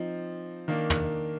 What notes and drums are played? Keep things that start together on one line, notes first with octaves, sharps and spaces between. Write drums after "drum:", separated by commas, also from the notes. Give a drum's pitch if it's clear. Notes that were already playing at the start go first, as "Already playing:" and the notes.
Already playing: F3 C4 D#4
D#3 A#3 D4
drum: tom